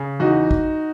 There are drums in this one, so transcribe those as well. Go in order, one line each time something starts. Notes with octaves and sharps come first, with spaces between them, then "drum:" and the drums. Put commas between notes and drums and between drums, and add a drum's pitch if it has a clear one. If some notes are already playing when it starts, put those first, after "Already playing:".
Already playing: C#3
E2 D#4 F#4
drum: kick